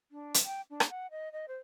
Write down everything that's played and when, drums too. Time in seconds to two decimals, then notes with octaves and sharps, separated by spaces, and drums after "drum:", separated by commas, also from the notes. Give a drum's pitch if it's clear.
0.11 D4
0.34 drum: hi-hat
0.45 G5
0.70 D4
0.80 drum: rim click
0.90 F#5
1.11 D#5
1.32 D#5
1.48 C5